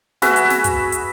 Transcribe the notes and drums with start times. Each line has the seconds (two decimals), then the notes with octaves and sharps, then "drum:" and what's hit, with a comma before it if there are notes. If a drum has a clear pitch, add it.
0.22 F#4 G#4 B4 E5, drum: snare
0.36 drum: hi-hat
0.50 drum: snare
0.64 drum: kick, hi-hat
0.92 drum: hi-hat